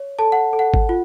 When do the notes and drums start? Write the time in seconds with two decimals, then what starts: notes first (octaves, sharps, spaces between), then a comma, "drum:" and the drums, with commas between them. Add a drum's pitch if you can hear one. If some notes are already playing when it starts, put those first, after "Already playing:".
Already playing: C#5
0.19 A4 A5
0.32 F#5
0.53 A4
0.59 F#5
0.74 drum: kick G#1
0.89 F4